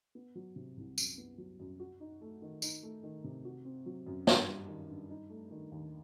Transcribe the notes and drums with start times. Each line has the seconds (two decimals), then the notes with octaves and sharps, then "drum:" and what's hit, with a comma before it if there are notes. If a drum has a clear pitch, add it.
0.15 B3
0.35 F#3
0.56 C3
0.77 C2
0.98 F#2, drum: tambourine
1.18 B3
1.38 F#3
1.60 F#2
1.80 F#4
2.00 D#4
2.21 A3
2.42 D#3
2.62 D#4, drum: tambourine
2.83 A3
3.03 D#3
3.24 C3
3.45 F#4
3.65 C4
3.86 F#3
4.06 F#2
4.27 G2, drum: snare
4.48 G3
4.68 D#3
4.89 G2
5.10 D#4
5.30 A3
5.51 D#3
5.71 D#2